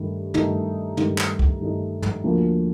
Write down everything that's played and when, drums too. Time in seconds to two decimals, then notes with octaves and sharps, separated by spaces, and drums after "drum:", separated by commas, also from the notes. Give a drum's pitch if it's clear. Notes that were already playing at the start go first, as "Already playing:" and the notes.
Already playing: G2 D#3 A3
0.34 G2 D#3 A3 D#4, drum: tom
0.97 G2 D#3 A3 D#4, drum: tom
1.18 drum: clap
1.39 drum: kick
1.61 G2 D#3 A3 D#4
2.02 drum: tom
2.23 D2 D3 F3 A#3